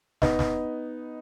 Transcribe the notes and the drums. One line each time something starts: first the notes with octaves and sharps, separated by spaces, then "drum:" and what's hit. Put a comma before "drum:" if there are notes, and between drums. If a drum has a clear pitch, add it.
B3 D#4, drum: snare
drum: snare